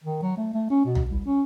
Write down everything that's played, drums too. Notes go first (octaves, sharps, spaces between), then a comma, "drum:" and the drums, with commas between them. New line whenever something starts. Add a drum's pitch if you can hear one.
D#3
F#3
A3
A3
C#4
B2
drum: tom
C2
C#4